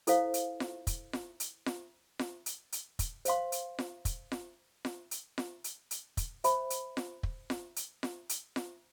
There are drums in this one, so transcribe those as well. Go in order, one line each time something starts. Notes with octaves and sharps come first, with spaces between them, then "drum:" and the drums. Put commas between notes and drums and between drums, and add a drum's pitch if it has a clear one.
E4 A4 C5 F5, drum: hi-hat
drum: hi-hat
drum: snare F4
drum: kick, hi-hat
drum: snare F4
drum: hi-hat
drum: snare F4
drum: snare F4
drum: hi-hat
drum: hi-hat
drum: kick, hi-hat
C5 F5 C6, drum: hi-hat
drum: hi-hat
drum: snare F4
drum: kick, hi-hat
drum: snare F4
drum: snare F4
drum: hi-hat
drum: snare F4
drum: hi-hat
drum: hi-hat
drum: kick, hi-hat
C5 E5 B5, drum: hi-hat
drum: hi-hat
drum: snare F4
drum: kick
drum: snare F4
drum: hi-hat
drum: snare F4
drum: hi-hat
drum: snare F4